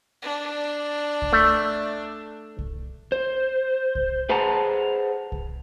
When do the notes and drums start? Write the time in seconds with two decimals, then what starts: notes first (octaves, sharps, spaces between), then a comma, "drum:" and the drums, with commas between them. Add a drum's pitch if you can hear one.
0.22 D4
1.22 drum: kick C2
1.33 A3
2.59 drum: kick C2
3.12 C5
3.95 drum: kick C2
4.29 G#4 B4 C5 F#5 A5 A#5
5.32 drum: kick C2